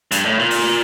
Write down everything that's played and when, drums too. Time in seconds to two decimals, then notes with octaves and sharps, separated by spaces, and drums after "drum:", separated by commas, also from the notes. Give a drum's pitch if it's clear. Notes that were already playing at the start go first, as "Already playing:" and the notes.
0.11 G2, drum: hi-hat
0.26 A2
0.39 A#2
0.50 drum: open hi-hat